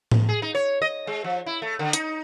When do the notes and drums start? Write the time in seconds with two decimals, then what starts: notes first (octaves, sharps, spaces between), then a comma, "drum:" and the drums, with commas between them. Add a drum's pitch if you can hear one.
0.12 drum: tom A2
0.29 G#4
0.42 D#4
0.55 C#5
0.82 D#5
1.07 G#3
1.24 F3
1.46 E4
1.62 A3
1.79 D3
1.93 D#4, drum: hi-hat